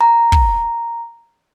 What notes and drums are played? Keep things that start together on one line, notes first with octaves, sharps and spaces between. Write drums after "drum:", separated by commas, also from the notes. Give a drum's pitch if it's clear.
A#5
drum: kick